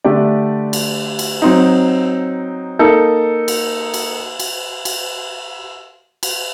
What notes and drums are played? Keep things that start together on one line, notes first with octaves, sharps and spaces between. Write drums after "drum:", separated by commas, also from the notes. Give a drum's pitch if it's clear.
D3 A3 D4 G4 D5
drum: cymbal
drum: cymbal
F#3 C4 D#4
A#3 D#4 A4
drum: cymbal
drum: cymbal
drum: cymbal
drum: cymbal
drum: cymbal